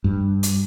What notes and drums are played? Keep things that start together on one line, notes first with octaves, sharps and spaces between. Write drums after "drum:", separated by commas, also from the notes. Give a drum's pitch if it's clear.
G2
drum: hi-hat